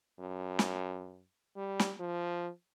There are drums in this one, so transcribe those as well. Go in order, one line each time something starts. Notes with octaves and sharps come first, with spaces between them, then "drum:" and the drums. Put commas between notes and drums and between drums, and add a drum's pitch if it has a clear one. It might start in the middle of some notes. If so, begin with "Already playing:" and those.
F#2
drum: snare
G3
drum: snare
F3